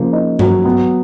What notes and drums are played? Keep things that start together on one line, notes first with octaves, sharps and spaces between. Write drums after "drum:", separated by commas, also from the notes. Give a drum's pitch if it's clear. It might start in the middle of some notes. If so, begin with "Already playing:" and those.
Already playing: C#3 F3 A#3
D#4
F#3, drum: tom G2
B3